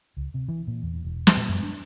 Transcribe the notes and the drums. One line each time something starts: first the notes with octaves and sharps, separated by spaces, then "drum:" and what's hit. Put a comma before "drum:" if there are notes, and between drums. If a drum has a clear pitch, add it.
C#2
C3
E3
A#2
E2
E1
drum: snare
A#2
F#2
D4